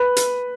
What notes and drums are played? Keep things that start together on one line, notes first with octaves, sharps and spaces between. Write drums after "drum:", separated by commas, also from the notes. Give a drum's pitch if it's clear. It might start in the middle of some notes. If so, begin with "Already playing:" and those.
Already playing: B4
drum: hi-hat